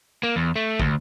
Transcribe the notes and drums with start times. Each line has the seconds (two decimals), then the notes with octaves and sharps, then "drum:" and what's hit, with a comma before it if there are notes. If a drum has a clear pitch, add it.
0.23 A#3
0.36 E2
0.56 A3
0.80 D2, drum: kick